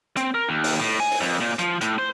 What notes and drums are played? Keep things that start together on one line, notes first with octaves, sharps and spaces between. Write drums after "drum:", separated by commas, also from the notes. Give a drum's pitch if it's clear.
C4, drum: hi-hat
A#4
D#2
drum: open hi-hat
A2
G#5
drum: open hi-hat
F2
A#2
F3, drum: hi-hat
A2, drum: hi-hat
C5